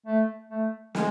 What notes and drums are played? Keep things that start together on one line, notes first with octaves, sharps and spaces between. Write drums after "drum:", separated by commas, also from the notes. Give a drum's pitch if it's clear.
A3
A3
G#3, drum: snare